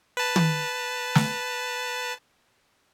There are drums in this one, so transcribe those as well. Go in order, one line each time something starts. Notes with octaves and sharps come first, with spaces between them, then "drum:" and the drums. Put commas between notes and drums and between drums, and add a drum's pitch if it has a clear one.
B4 A5
drum: tom
drum: snare